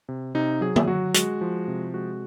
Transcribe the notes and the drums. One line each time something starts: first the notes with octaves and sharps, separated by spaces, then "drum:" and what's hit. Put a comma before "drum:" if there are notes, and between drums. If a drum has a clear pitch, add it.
C3
C3 D#4
F#3 G#4
drum: tom
F#3 F#4
G#3 F#4, drum: hi-hat
F3
C3
G#3 F#4